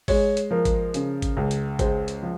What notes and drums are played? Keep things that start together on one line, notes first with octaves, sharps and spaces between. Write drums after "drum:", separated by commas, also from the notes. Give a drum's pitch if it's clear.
G#3 C#5, drum: kick G#1, open hi-hat
drum: hi-hat
F3 A#4
drum: kick G#1, hi-hat
C#3, drum: hi-hat
drum: kick G#1, hi-hat
C#2
drum: hi-hat
G#3 C5, drum: kick G#1, hi-hat
drum: hi-hat
F3